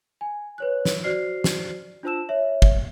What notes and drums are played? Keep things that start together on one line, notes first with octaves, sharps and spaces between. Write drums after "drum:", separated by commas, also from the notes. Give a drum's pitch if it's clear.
G#5
B4 C#5 F#6
drum: snare
F#4 C5 D5 F6 C7
drum: snare
D4 F4 C5 A5 E6 E7
C#5 E5
drum: kick